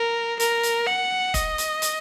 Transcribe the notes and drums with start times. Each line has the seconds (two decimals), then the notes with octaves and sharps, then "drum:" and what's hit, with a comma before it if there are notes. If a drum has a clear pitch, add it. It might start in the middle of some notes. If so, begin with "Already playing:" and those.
Already playing: A#4
0.40 A#4, drum: hi-hat
0.63 drum: hi-hat
0.87 F#5
1.34 D#5, drum: kick, hi-hat
1.58 drum: hi-hat
1.82 drum: hi-hat